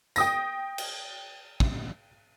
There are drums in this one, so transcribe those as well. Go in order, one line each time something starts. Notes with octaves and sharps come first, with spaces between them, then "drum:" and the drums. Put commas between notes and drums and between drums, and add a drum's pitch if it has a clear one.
G5 D#6 A#6, drum: tambourine
drum: cymbal
drum: kick